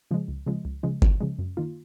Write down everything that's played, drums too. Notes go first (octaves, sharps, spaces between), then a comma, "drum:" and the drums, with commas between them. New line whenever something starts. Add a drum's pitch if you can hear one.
C#3 F3 G#3
C#2
C#3 F3 G#3
C#2
C#3 F3 G#3
C#2, drum: kick G1
C#3 F3 G#3
F#2
D#3 A#3 F4